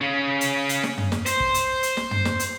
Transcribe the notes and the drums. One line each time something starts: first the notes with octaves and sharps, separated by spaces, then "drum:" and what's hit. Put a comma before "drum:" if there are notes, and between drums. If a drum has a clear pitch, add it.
C#3 C#4
drum: hi-hat
drum: hi-hat
drum: snare
drum: tom
drum: snare
C5, drum: hi-hat
drum: kick
drum: hi-hat
drum: hi-hat
drum: snare
drum: tom
drum: snare
drum: hi-hat